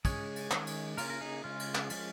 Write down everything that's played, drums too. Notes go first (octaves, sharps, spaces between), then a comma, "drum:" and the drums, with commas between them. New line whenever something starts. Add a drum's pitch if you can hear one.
C#3 G#3 C#4 G#4 C#5, drum: kick, cymbal
drum: cymbal
D#3 G#3 C#4, drum: clap
drum: cymbal
C#3 A#3 C#4 F4 A#4, drum: cymbal
A#4
D#4 G#4
C#3 G#3 C#4 F4
drum: cymbal
drum: clap
F3 G#3 C#4, drum: cymbal